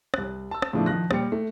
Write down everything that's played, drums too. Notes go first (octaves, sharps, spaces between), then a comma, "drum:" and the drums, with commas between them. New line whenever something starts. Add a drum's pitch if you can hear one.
C2 F#6, drum: rim click
A5 E6
drum: rim click
A2 C#3 F3 B3 D4 E4
D#3 F3 D#4 F#6 A#6
A#2 G3 G5 C#7, drum: rim click
A3